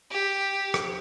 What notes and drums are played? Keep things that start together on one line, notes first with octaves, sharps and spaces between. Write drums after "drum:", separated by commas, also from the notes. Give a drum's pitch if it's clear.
G4
drum: rim click